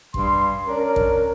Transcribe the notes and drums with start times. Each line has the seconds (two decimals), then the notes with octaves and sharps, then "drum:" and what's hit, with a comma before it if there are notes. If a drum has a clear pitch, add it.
0.14 G2 C6, drum: kick
0.67 C#4 D4 A#4
0.96 drum: kick